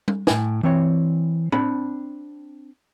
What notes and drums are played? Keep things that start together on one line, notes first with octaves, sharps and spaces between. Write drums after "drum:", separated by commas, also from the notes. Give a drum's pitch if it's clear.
drum: tom G3
A2 G5 G#5, drum: snare
E3 C4 C#5
C4 D4 B5, drum: tom